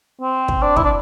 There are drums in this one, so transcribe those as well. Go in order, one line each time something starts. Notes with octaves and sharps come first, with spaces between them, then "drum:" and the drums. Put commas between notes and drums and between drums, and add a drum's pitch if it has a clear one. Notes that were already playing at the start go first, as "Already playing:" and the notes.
C4
drum: kick
D4
E4, drum: kick
D4